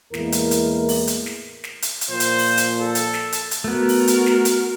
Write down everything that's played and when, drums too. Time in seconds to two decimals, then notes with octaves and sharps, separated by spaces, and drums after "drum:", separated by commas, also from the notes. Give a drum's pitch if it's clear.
0.14 E2 A2 G#3 A#3 E4 A#4, drum: snare
0.32 drum: hi-hat
0.51 drum: hi-hat
0.89 drum: open hi-hat
1.07 drum: hi-hat
1.26 drum: snare
1.64 drum: snare
1.82 drum: hi-hat
2.01 drum: hi-hat
2.11 A#2 F3 C5
2.20 drum: hi-hat
2.39 drum: open hi-hat
2.57 drum: hi-hat
2.81 A4
2.95 drum: hi-hat
3.14 drum: snare
3.32 drum: hi-hat
3.51 drum: hi-hat
3.64 A3 B3 F#4 A#4
3.89 drum: open hi-hat
4.07 drum: hi-hat
4.26 drum: snare
4.45 drum: hi-hat